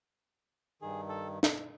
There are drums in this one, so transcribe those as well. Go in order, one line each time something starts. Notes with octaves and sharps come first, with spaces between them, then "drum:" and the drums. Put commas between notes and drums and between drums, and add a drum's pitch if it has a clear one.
G2 D#3 G#4
A4
drum: snare